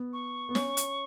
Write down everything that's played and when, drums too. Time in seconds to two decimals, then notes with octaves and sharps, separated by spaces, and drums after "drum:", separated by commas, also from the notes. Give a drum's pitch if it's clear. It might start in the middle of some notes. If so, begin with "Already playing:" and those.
Already playing: B3
0.13 C#6
0.49 B3
0.55 C#4, drum: snare
0.77 drum: hi-hat